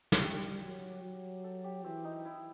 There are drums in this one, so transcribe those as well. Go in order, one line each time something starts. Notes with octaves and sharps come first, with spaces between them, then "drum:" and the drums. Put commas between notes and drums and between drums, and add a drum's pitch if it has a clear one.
drum: snare
G3 G4
G4
F#3
F#3
A4
G4
E3 C4
D#4
E4